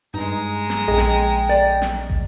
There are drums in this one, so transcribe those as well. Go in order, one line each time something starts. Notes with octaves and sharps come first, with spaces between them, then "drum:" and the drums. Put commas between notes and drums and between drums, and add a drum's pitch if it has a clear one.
G2 G#3 D#4 A#5
drum: snare
A#1 G#4 D#5 G5 A#6
drum: snare
D5
drum: snare
drum: kick